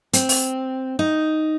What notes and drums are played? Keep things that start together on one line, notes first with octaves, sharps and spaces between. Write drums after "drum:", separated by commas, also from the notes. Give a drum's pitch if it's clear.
C4, drum: hi-hat
drum: open hi-hat
D#4